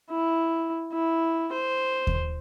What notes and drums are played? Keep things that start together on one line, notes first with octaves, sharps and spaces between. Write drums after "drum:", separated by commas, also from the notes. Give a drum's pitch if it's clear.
E4
E4
C5
drum: kick D#2